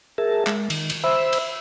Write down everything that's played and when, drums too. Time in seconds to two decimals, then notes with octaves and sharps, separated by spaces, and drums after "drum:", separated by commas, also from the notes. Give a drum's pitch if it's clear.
0.18 G#4 A#4 E5 A5
0.47 G#3, drum: clap
0.70 D#3, drum: cymbal
0.90 drum: cymbal
1.04 C5 E5 B5 E6
1.33 drum: cymbal